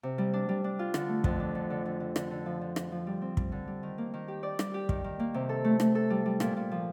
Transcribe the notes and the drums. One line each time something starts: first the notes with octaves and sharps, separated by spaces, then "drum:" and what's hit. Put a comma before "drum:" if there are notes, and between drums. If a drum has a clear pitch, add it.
C3
G3
D4
G3
D4
F4
D3, drum: rim click
A3
F2, drum: kick
D4
D3
D3
D3
D3
D3, drum: rim click
D3
F3
D3
D3, drum: rim click
F3
G3
C4
G3, drum: kick
D3
G3
D#3
A#3
D#3
G4
D5
G3, drum: rim click
G4
D#3, drum: kick
D#3
A#3
C3
A4
A3
A3, drum: rim click
A4
G3
G3
A#2, drum: rim click
A#2
F3